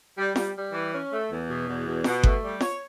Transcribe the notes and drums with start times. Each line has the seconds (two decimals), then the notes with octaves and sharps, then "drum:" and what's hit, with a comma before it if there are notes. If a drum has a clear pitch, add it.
0.17 G3
0.36 G3, drum: snare
0.55 G3
0.73 E3
0.92 C#4
1.11 A3
1.30 E2
1.48 B2
1.67 E2
1.86 B2
2.04 B2, drum: snare
2.23 A3, drum: kick G1
2.42 G3
2.61 C#5, drum: snare